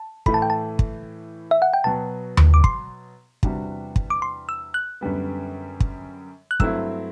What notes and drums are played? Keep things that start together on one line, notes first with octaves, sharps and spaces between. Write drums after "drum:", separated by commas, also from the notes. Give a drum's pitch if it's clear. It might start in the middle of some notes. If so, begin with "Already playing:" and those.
Already playing: A5
A2 E3 A3 B5, drum: kick
A5
G5
A5
drum: kick
E5
F#5
G5
B2 F#3 B3 A5
drum: tom D#2
D6
C6, drum: kick
E2 C3 G3 D4 F#4, drum: kick
drum: kick
D6
C6
E6
F#6
F#2 D3 G3 B3
drum: kick
F#6
G2 F#3 A3 C4 E4 E6, drum: kick